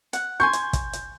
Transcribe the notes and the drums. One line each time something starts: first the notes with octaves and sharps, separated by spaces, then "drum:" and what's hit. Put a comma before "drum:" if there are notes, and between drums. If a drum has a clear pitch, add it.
F#5, drum: hi-hat
G#5 C6 C#6 G6
drum: hi-hat
drum: kick, hi-hat
drum: hi-hat